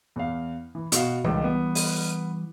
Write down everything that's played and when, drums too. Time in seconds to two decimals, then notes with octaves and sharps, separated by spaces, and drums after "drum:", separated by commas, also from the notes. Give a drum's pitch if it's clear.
0.16 E2 F5
0.75 E3
0.92 B2 F#4 F5, drum: hi-hat
1.24 C#2 D#3 E3 G3
1.44 B3
1.75 drum: open hi-hat